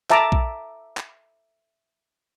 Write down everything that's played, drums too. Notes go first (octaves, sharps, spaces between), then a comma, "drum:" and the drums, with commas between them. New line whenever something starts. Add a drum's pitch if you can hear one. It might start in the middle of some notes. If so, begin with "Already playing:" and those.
E5 A5 A#5 D6, drum: clap
drum: kick A#1
drum: clap